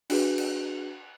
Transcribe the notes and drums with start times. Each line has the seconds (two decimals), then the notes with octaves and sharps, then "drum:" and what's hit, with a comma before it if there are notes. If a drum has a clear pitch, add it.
0.10 D4 F#4 G#4 B4, drum: cymbal
0.38 drum: cymbal